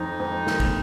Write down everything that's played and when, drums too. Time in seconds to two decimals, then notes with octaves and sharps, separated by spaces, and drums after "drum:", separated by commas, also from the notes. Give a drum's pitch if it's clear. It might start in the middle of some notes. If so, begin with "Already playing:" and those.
Already playing: F2 D#4
0.20 F2
0.47 A#3, drum: snare
0.60 drum: kick, cymbal